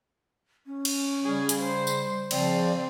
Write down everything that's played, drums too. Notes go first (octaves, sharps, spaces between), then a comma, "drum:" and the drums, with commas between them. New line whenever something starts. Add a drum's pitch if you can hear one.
C#4
drum: cymbal
C#3 G3 G#4
drum: hi-hat
C5
drum: tambourine
C#3 F3 C4 D5, drum: cymbal